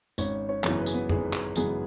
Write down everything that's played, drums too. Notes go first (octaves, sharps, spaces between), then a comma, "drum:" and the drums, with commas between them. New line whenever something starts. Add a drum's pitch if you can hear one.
G#1 C#4 C#5, drum: tambourine
C#4 C#5
F#2 C#3 E3 B3, drum: clap
B4
G#4, drum: tambourine
B3 B4
G#1 G#3 G#4, drum: tom
drum: clap
F#2 C#3 E3 G#3 B3 G#4, drum: tambourine